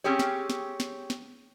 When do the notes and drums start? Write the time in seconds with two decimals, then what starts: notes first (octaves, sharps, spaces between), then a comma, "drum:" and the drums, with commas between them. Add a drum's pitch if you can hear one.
0.04 C4 C#4 G4 G#4 C#5
0.19 drum: snare
0.50 drum: snare
0.80 drum: snare
1.10 drum: snare